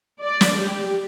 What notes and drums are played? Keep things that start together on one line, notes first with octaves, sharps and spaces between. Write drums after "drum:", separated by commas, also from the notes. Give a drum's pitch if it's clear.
D5
drum: snare
G4